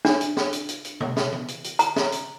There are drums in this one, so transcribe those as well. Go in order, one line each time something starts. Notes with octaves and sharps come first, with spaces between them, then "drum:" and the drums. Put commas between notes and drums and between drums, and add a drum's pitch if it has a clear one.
D4, drum: snare
drum: hi-hat
drum: snare
drum: hi-hat
drum: hi-hat
drum: hi-hat
drum: tom B2
drum: snare
drum: tom E3
drum: hi-hat
drum: hi-hat
A#5, drum: hi-hat
drum: snare
drum: hi-hat